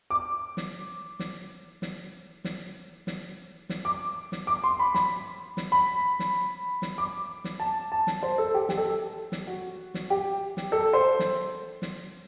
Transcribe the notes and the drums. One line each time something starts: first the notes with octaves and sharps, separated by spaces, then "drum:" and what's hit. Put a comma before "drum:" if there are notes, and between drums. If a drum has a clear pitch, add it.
D6
drum: snare
drum: snare
drum: snare
drum: snare
drum: snare
drum: snare
D6
drum: snare
D6
C6
B5
B5, drum: snare
drum: snare
B5
drum: snare
drum: snare
D6
drum: snare
A5
A5
drum: snare
C5
A4
G4
G4, drum: snare
A4
G4
drum: snare
F#4
drum: snare
G4
drum: snare
A4
C5
drum: snare
drum: snare